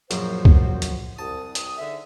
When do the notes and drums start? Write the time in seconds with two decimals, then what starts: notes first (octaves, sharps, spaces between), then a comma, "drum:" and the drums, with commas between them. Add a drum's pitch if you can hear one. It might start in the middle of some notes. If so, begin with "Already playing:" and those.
0.11 A#1 F#2 F#4 C5, drum: hi-hat
0.45 drum: kick C#2
0.82 drum: hi-hat
1.19 C2 A5 D#6
1.55 drum: hi-hat
1.80 G#2 D3 E5